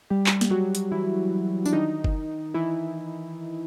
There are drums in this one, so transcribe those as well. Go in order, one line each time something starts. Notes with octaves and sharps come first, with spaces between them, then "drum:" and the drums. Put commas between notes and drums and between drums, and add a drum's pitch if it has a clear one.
G3 G4
drum: clap
drum: snare
F#3 F#4
drum: hi-hat
E3 E4
D4, drum: tambourine
D#3 D#4
drum: kick F#1
E3 E4